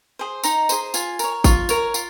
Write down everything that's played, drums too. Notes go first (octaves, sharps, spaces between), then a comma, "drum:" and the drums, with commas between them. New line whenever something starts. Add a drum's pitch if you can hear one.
G#4 C5
D#4 A#5, drum: tambourine
G#4 C5, drum: tambourine
F4 G#5, drum: tambourine
A#4 C#5, drum: tambourine
F4 C#6, drum: kick G#1, tambourine
A#4 C#5, drum: tambourine
F4, drum: tambourine